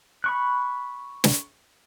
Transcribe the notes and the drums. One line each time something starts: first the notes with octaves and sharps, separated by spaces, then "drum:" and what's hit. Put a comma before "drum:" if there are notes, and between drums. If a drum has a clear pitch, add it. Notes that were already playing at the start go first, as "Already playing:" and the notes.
B5 C#6 F#6
drum: snare